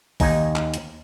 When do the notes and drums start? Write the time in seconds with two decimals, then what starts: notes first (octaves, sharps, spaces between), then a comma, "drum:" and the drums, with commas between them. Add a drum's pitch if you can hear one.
0.20 D#2 D#4 G#5, drum: kick A1, open hi-hat
0.56 drum: clap
0.74 drum: hi-hat